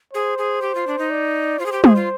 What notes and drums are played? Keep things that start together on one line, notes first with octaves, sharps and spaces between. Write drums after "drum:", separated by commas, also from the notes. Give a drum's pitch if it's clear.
G#4 C5
G#4
G4
F4
D4
D#4
D5
F4 C5
G#4
G4
G#4, drum: tom
F4